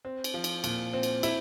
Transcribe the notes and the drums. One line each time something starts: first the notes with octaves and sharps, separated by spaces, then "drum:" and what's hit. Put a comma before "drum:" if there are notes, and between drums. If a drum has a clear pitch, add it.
C4
drum: cymbal
F3
drum: cymbal
A#2, drum: cymbal
C4
drum: cymbal
E4, drum: cymbal